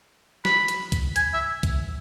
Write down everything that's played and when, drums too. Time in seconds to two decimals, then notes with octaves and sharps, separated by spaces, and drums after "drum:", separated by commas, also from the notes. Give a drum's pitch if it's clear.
0.45 B5, drum: snare
0.68 drum: hi-hat
0.92 drum: kick C2, hi-hat
1.16 G#5, drum: hi-hat
1.34 E5
1.63 drum: kick C2, hi-hat